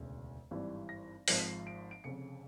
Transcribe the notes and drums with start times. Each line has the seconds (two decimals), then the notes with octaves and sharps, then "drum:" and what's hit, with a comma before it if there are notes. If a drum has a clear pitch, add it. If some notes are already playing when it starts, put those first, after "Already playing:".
Already playing: E1 D2 C#3
0.51 G#1 G2 E3 G3
0.89 A#6
1.28 G#1 G#2 F3 A#6, drum: open hi-hat
1.38 B6
1.46 C7
1.67 D7
1.91 D7
2.04 F1 F2 C#3 C#7